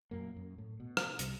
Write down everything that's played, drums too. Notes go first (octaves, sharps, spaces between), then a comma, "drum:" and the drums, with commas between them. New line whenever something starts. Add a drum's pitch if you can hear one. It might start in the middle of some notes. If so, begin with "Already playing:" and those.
F#2 A#2 A#3
F#2
A2
B2
drum: rim click
C2 C3 G3, drum: hi-hat